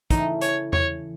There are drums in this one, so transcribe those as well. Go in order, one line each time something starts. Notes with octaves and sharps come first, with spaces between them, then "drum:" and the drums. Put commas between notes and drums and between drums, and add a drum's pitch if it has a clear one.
C#3 E3 A3 C#4 D#4 G#4, drum: kick, hi-hat
C#5, drum: hi-hat
C#5, drum: tom E2